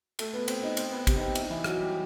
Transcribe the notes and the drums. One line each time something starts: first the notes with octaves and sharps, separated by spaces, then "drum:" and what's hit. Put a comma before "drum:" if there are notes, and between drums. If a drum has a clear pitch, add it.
A3 A4, drum: cymbal
B3 B4
C4 C5, drum: cymbal
D#4 D#5
C4 C5, drum: cymbal
B3 B4
C3 C4, drum: kick, cymbal
D#4
C3 C4
E4, drum: cymbal
D#4
E3 E4
F#3 F#4, drum: rim click
G3 G4